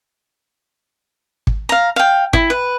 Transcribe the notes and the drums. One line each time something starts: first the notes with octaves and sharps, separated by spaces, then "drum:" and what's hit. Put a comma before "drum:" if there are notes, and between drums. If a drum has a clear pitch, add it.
drum: kick
F5 A#5
F5 G5
E4, drum: kick
B4